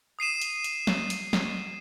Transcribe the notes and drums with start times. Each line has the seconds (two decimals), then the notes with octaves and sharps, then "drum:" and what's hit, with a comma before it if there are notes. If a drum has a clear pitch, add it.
0.19 D#6 C7 D#7 E7
0.41 drum: hi-hat
0.64 drum: hi-hat
0.87 drum: snare
1.10 drum: hi-hat
1.33 drum: snare